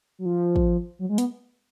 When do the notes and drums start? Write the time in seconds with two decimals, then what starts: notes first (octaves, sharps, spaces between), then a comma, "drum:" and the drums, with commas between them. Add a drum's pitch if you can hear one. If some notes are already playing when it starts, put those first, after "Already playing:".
0.19 F#3
0.25 F3
0.56 drum: kick
0.99 F#3
1.09 G#3
1.18 B3, drum: hi-hat